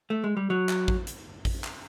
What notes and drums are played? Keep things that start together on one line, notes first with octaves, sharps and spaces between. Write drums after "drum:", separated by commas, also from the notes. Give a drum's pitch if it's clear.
A3
G#3
G3
F#3
drum: clap
drum: kick A1
drum: hi-hat
drum: kick A1, open hi-hat
drum: clap